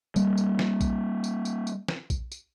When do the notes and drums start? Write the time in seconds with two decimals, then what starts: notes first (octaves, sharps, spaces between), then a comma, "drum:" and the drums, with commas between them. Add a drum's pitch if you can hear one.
0.16 G3 A#3, drum: tambourine
0.38 drum: tambourine
0.59 drum: snare
0.81 drum: kick B1, tambourine
1.24 drum: tambourine
1.45 drum: tambourine
1.67 drum: tambourine
1.88 drum: snare
2.10 drum: kick B1, tambourine
2.32 drum: tambourine